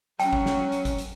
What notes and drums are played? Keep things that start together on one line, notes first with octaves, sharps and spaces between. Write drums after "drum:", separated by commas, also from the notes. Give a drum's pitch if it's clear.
F#3 C#4 G5, drum: hi-hat
drum: kick
drum: snare
drum: hi-hat
drum: kick, hi-hat
drum: hi-hat